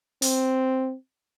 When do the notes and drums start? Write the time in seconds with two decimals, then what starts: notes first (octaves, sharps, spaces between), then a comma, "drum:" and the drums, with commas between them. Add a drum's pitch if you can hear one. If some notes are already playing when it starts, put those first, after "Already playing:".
0.22 C4, drum: open hi-hat